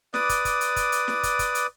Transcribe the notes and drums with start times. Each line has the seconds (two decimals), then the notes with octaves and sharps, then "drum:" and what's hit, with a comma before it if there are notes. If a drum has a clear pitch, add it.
0.14 B4 D5 D6 D#6, drum: snare
0.29 drum: kick, hi-hat
0.45 drum: kick, hi-hat
0.61 drum: hi-hat
0.76 drum: kick, hi-hat
0.92 drum: hi-hat
1.08 drum: snare
1.23 drum: kick, hi-hat
1.39 drum: kick, hi-hat
1.55 drum: hi-hat